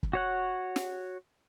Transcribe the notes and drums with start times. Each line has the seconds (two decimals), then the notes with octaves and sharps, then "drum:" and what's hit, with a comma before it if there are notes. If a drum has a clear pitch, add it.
0.03 drum: kick
0.13 F#4 C#5 F#5
0.76 drum: snare